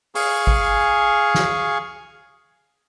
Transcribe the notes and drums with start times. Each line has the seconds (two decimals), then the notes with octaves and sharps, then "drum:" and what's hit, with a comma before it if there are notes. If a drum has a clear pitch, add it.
0.15 G#4 F5 G#5 C#6, drum: open hi-hat
0.47 drum: kick G#1
1.35 drum: snare